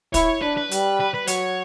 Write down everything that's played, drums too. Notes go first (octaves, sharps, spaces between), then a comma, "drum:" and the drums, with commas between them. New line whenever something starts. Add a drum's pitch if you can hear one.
E4 C#5, drum: kick, hi-hat
D4 B4
B4
G3, drum: hi-hat
B4
B4
F#3 C#5, drum: hi-hat